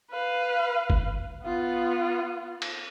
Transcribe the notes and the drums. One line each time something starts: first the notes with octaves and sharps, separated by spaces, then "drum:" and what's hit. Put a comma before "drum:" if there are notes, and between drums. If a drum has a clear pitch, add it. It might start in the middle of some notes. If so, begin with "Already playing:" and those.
B4 F5
drum: kick G1
B3 F4
drum: cymbal